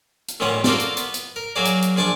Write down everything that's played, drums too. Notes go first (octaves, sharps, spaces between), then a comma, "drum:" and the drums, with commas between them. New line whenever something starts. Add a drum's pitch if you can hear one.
drum: hi-hat
A1 A#2 D#3 B3 C#4 F#5
A#3 F4 F#4 A4 D5, drum: snare
drum: hi-hat
B3, drum: hi-hat
drum: hi-hat
A#4
F#3 A#3 F#4 G#4 D5
drum: hi-hat
drum: hi-hat
A#1 G#4 D5 A5 C#6